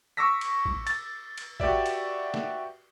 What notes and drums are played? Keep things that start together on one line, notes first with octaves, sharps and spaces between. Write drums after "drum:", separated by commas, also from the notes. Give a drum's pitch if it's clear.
C#6 D6 E6 A#6 B6
drum: cymbal
drum: kick A1
A6, drum: cymbal
drum: cymbal
F#4 G4 B4 D5 E5, drum: kick A1
drum: cymbal
drum: snare